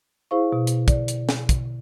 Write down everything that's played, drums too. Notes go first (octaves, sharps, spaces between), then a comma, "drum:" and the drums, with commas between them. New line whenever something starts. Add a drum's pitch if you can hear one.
E4 G#4 C5 F5 C#6
B2
drum: hi-hat
D5, drum: kick, hi-hat
drum: hi-hat
drum: snare
drum: kick, hi-hat